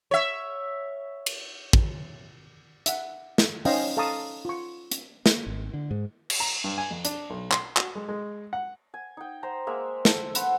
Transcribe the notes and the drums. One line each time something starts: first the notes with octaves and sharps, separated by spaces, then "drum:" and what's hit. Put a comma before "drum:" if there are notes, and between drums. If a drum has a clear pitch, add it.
C#5 E5
drum: cymbal
drum: kick
E5 F#5, drum: hi-hat
drum: snare
C#4 D#4 C5 D#5 F5 G5, drum: open hi-hat
A4 F5 A5 A#5 C#6 D#6
F4 C#6
drum: hi-hat
A#3, drum: snare
G#1
D3
G#2
drum: cymbal
A#5
G2
G#5
F2
D4, drum: hi-hat
B1
C6, drum: clap
F#4, drum: clap
G#3
G#3
F#5
G#5
D#4 G5
C5 A#5 C6
G#3 A#3 E5
A4, drum: snare
B4 C5 F#5, drum: hi-hat